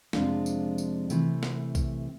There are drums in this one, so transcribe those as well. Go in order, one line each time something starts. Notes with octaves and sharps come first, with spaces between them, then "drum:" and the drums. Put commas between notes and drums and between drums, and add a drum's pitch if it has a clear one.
F2 C3 G#3 D4 F4, drum: snare
drum: tambourine
drum: tambourine
C3 E3 A3, drum: tambourine
drum: snare
drum: kick A#1, tambourine